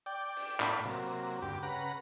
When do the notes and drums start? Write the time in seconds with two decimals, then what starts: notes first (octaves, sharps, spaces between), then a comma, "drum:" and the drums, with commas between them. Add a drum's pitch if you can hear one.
0.06 D5 G5
0.36 drum: open hi-hat
0.60 A2 D4 F5 B5, drum: clap
0.85 C3 F#3 A#3
1.42 D2 G2 G4 D6
1.63 C#3 B4 F#5 A#5